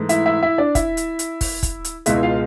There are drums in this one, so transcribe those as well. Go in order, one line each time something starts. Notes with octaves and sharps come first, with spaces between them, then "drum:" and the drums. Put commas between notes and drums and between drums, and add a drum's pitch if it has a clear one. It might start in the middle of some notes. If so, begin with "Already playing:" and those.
Already playing: G#2 E3 A3
E4 E5, drum: hi-hat
E4 E5
E4 E5
D4 D5
E4 E5, drum: kick, hi-hat
drum: hi-hat
drum: hi-hat
drum: kick, open hi-hat
drum: kick, hi-hat
drum: hi-hat
C#2 B2 G#3 E4 E5, drum: hi-hat
F4 F5